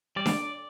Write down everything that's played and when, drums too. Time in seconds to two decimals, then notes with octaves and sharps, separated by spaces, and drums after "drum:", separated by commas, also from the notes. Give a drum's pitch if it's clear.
0.16 G3 D5
0.26 drum: snare D4